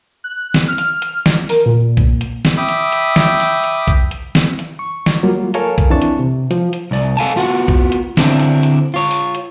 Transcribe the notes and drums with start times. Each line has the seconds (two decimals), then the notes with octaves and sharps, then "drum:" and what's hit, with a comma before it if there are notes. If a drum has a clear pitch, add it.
0.24 F#6
0.54 drum: snare
0.68 F6
0.78 drum: hi-hat
1.02 drum: hi-hat
1.26 drum: snare
1.49 A#4, drum: open hi-hat
1.66 A#2
1.97 drum: kick B1, hi-hat
2.21 drum: hi-hat
2.45 drum: snare
2.57 E5 G5 B5 D6 D#6
2.69 drum: hi-hat
2.92 drum: hi-hat
3.16 drum: snare
3.40 drum: open hi-hat
3.64 drum: hi-hat
3.87 drum: kick B1, hi-hat
4.11 drum: hi-hat
4.35 drum: snare
4.59 drum: hi-hat
4.79 C#6
5.06 drum: snare
5.23 F#3 G3 A#3 F4
5.54 A4 A#4 C#5 F5 G#5 A5, drum: hi-hat
5.78 drum: kick B1, hi-hat
5.90 E3 C4 D4 A5 C#6
6.02 drum: hi-hat
6.19 C3
6.51 F3, drum: hi-hat
6.73 drum: hi-hat
6.91 C2 D5
7.17 A4 F5 G#5 A5
7.36 B3 F4 F#4 F#5
7.68 drum: kick B1, hi-hat
7.92 drum: hi-hat
8.17 D3 C4 D4 E4, drum: snare
8.39 drum: hi-hat
8.63 drum: hi-hat
8.94 F4 C#5
9.11 drum: open hi-hat
9.35 drum: hi-hat